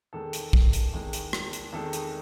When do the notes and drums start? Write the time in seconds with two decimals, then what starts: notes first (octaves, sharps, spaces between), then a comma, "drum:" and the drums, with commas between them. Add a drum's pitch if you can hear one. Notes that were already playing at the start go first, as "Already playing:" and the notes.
0.13 E2 D#3 G#3 A4
0.33 drum: hi-hat
0.53 drum: kick
0.73 drum: hi-hat
0.93 E2 D#3 G#3
1.13 drum: hi-hat
1.33 drum: rim click
1.53 drum: hi-hat
1.72 E2 D#3 G#3 A4
1.93 drum: hi-hat